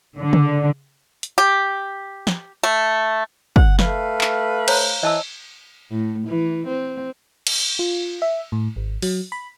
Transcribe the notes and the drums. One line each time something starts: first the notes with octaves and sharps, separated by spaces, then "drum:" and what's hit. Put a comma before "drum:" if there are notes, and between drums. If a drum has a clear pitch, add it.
D3
drum: tom C#3
drum: hi-hat
G4
drum: snare
A3
F#5, drum: kick
A3 B4 F5, drum: snare
drum: clap
C5 C#5 A#5, drum: cymbal
E3 D#5 A5 E6
A2
E3
C4
drum: cymbal
F4
E5
A2
G#1
F#3, drum: open hi-hat
B5